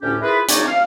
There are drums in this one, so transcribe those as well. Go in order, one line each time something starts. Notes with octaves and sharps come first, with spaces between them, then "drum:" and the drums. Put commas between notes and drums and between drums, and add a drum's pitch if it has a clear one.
D2 A2 C#4 D4 G4
E4 F4 G#4 A#4 B4
F#3 D4 D#4 G#4 C#5 D5, drum: hi-hat
F5